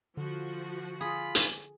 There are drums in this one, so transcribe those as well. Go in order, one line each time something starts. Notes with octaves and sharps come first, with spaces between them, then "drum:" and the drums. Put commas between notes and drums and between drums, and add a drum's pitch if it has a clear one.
D3 F3 F#4
F4 G#4 B5
drum: hi-hat